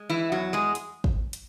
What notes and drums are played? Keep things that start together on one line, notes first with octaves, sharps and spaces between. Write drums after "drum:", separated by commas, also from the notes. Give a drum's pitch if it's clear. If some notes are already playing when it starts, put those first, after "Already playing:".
Already playing: G#3
E3 E4
E2 F#3 F#4
G#3 G#4
drum: hi-hat
drum: kick
drum: hi-hat